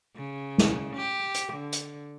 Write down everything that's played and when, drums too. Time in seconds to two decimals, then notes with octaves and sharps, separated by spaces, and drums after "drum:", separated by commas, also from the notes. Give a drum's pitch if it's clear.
0.16 C#3
0.58 drum: snare
0.96 G4
1.34 drum: hi-hat
1.53 D3
1.72 drum: hi-hat